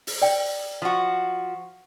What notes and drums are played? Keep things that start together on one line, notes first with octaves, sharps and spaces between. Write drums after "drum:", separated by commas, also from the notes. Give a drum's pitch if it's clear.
drum: open hi-hat
D5 G5
F3 F#4